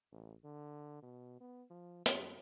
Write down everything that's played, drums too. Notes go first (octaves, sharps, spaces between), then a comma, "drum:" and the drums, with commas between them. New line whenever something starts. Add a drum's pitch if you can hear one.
A1
D3
B2
B3
F3
F#2, drum: hi-hat